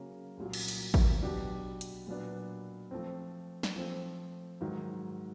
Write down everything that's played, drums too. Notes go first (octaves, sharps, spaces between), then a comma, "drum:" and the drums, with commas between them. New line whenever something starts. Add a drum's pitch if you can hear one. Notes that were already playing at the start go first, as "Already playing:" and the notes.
Already playing: C#3 F#3 A#3 C#4
C2 A#2 F#3
drum: cymbal
drum: hi-hat
drum: kick A1
B2 F#3 B3 D4 G4
drum: hi-hat
A#2 F#3 B3 D4
F3 A3 C4
drum: snare
F3 A3 C4
G#2 D#3 F#3